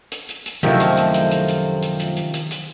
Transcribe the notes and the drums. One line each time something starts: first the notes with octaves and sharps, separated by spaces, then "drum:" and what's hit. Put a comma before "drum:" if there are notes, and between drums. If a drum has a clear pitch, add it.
drum: hi-hat
drum: hi-hat
drum: hi-hat
F#2 C3 D#3 F3 A3 E4 A#4 D#5, drum: hi-hat
drum: hi-hat
drum: hi-hat
drum: hi-hat
drum: hi-hat
drum: hi-hat
drum: hi-hat
drum: hi-hat
drum: hi-hat
drum: hi-hat
drum: hi-hat